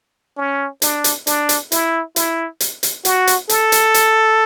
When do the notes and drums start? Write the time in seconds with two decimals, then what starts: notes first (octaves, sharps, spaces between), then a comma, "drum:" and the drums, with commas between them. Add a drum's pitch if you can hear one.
0.37 C#4
0.82 D4, drum: hi-hat
1.04 drum: hi-hat
1.27 D4, drum: hi-hat
1.49 drum: hi-hat
1.72 E4, drum: hi-hat
2.16 E4, drum: hi-hat
2.60 drum: hi-hat
2.83 drum: hi-hat
3.05 F#4, drum: hi-hat
3.27 drum: hi-hat
3.49 A4, drum: hi-hat
3.72 drum: hi-hat
3.94 drum: hi-hat